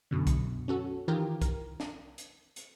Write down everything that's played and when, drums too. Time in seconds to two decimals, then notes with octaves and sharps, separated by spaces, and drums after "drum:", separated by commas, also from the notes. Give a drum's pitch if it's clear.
0.11 F#2 B2 D3
0.27 drum: kick B1, hi-hat
0.68 C#4 F#4 A4
1.08 D#3 E3 F4 G4 A#4
1.42 A#4, drum: kick B1, hi-hat
1.80 drum: snare
2.18 drum: hi-hat
2.56 drum: hi-hat